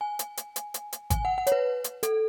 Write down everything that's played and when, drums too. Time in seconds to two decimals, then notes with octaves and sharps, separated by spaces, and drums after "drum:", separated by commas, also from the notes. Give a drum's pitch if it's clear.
0.01 G#5
0.19 drum: hi-hat
0.37 drum: hi-hat
0.56 drum: hi-hat
0.74 drum: hi-hat
0.92 drum: hi-hat
1.10 G#5, drum: kick G#1, hi-hat
1.25 F#5
1.38 F#5
1.47 C#5, drum: hi-hat
1.52 B4
1.84 drum: hi-hat
2.03 A4, drum: hi-hat